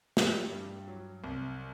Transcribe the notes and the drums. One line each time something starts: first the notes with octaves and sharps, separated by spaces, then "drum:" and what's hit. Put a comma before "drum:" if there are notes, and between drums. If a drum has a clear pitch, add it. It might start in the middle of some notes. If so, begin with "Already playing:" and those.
G3, drum: snare
G2
F#3
C2